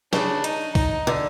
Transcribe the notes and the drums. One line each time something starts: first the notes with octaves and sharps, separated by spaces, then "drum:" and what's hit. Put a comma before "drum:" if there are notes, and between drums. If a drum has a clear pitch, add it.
C#3 D4, drum: snare
D#4, drum: hi-hat
D#4, drum: kick, open hi-hat
D3